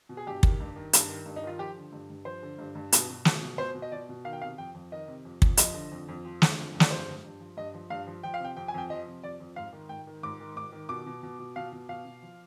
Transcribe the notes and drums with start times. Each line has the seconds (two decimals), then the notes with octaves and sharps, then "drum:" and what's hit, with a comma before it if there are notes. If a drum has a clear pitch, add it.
0.09 B2
0.17 G#4
0.27 G2 G4
0.43 D#3, drum: kick
0.60 G2
0.76 D#3
0.93 G2, drum: hi-hat
1.09 D#3
1.26 G2
1.36 D#4
1.43 D#3 F4
1.59 F3 G4
1.76 D3
1.92 G2
2.10 G2
2.25 F3 C5
2.43 D3
2.58 G2
2.75 G2
2.92 B2, drum: hi-hat
3.09 B2
3.25 B2, drum: snare
3.42 B2
3.58 B2 C5
3.75 B2
3.82 D#5
3.92 B2 D5
4.09 B2
4.25 D#3 F5
4.33 G5
4.41 C3 F5
4.58 F2 G5
4.74 F2
4.92 D#3 D#5
5.08 C3
5.25 F2
5.42 F2, drum: kick
5.57 F3 D#5, drum: hi-hat
5.74 D3
5.91 F2
6.08 F2
6.25 F3
6.42 D3, drum: snare
6.58 F2
6.75 F2
6.80 D5, drum: snare
6.91 G2 C5
7.07 F3
7.24 G2
7.40 F3
7.57 G2 D#5
7.74 F3
7.90 G2 F5
8.07 F3
8.23 F3 G5
8.34 F5
8.40 C3 G5
8.56 F2 G5
8.68 G#5
8.74 F2 G5
8.90 F3 D#5
9.07 C3
9.23 F2 D5
9.40 F2
9.56 G#2 F5
9.73 D#3
9.89 G#2 G5
10.07 D#3
10.23 G#2 D6
10.40 D#3
10.56 G#2 D6
10.72 D#3
10.89 B2 D6
11.06 B2
11.23 B2
11.39 B2
11.56 B2 F5
11.72 B2
11.89 B2 F5
12.05 B2
12.22 F3